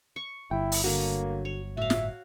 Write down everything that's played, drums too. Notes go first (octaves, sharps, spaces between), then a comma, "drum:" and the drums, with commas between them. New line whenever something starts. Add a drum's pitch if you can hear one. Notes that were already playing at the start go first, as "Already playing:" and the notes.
C#6
G1 E4 G5
drum: open hi-hat
D3 F#3 A#3 F#4
C#5
A2 F#4 E5 F5
drum: snare